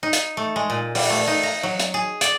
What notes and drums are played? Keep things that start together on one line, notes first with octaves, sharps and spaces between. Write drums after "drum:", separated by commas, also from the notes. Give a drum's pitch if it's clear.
D#4
drum: hi-hat
A3
G#3
A#2
G3, drum: open hi-hat
A3
D#4
A#5
F#3
drum: hi-hat
G#4
D5, drum: hi-hat